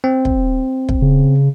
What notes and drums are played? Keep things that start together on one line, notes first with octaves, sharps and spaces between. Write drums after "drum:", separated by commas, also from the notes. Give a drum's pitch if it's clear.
C4
drum: kick
drum: kick
C#3